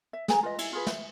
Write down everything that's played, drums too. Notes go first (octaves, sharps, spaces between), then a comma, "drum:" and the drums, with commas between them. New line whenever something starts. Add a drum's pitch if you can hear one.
E5
G#4 G#5 A#5, drum: snare
F4 B4 D#5
E4, drum: cymbal
F4 G#4 B4
E5, drum: snare